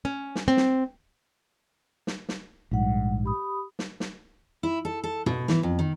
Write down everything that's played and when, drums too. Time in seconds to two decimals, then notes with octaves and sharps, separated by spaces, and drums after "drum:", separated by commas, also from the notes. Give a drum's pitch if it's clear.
0.05 C#4
0.35 drum: snare
0.48 C4
0.57 drum: snare
2.07 drum: snare
2.29 drum: snare
2.71 A#1 G#2 G3 F#5
3.24 G4 B5 D#6
3.79 drum: snare
4.00 drum: snare
4.63 E4
4.85 A4
5.04 A4
5.26 B2, drum: tom
5.48 E3, drum: snare
5.63 F2
5.79 D#3